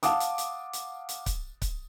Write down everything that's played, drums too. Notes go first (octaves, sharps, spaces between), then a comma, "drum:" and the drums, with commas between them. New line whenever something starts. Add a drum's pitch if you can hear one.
F5 F#5 A5 D6 D#6, drum: hi-hat
drum: hi-hat
drum: hi-hat
drum: hi-hat
drum: hi-hat
drum: kick C#1, hi-hat
drum: kick C#1, hi-hat